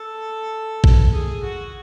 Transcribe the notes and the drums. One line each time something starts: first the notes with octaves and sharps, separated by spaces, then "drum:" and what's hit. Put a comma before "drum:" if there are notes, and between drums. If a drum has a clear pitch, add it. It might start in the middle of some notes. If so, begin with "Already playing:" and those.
Already playing: A4
drum: kick
G#4
F#4